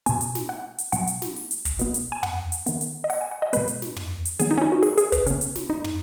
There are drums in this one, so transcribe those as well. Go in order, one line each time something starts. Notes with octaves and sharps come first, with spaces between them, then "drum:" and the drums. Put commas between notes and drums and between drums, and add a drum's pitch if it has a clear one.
B2 B3 G#5, drum: hi-hat
drum: hi-hat
drum: snare
F#5
drum: hi-hat
B2 F#3 B3 F#5, drum: hi-hat
drum: hi-hat
drum: snare
drum: open hi-hat
drum: hi-hat
drum: kick, hi-hat
B2 B3, drum: hi-hat
drum: hi-hat
G#5
F#5, drum: tom
drum: hi-hat
D#3 B3, drum: hi-hat
drum: hi-hat
D#5
F#5, drum: open hi-hat
G#5
F#5
D#5
B2 G#3 B3 B4, drum: hi-hat
drum: hi-hat
drum: snare
drum: tom
drum: hi-hat
D#3 B3 G#4, drum: hi-hat
D#4
C#4
D#4
F#4
G#4, drum: open hi-hat
G#4, drum: hi-hat
B4, drum: kick, hi-hat
C#3 B3 C#4, drum: hi-hat
drum: hi-hat
drum: snare
D#4
drum: tom